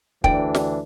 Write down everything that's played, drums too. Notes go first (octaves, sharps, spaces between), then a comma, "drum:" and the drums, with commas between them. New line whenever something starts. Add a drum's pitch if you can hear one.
D2 E3 D4 D5 G5, drum: kick
drum: snare